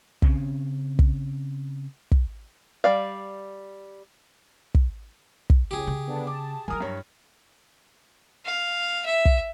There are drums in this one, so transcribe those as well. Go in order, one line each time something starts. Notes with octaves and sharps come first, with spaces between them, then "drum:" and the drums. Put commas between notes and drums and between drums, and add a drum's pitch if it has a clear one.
C#3 C4 C#4, drum: kick
drum: kick
drum: kick
G3 D5 F5
drum: kick
drum: kick
C#2 G4 G#4
C#3
D3 B3 D4
A5 D6
F#3 E4 A#4 G#5 D#6
G2 C#5
F5
E5
drum: kick